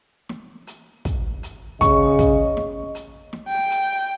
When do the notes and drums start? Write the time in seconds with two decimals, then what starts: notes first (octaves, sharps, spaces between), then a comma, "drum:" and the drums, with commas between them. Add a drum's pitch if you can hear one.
0.29 drum: snare
0.67 drum: hi-hat
1.05 drum: kick, hi-hat
1.43 drum: hi-hat
1.81 C#3 D#5 C#6, drum: kick, hi-hat
2.19 drum: kick, hi-hat
2.57 drum: snare
2.95 drum: hi-hat
3.33 drum: snare
3.49 G5
3.71 drum: hi-hat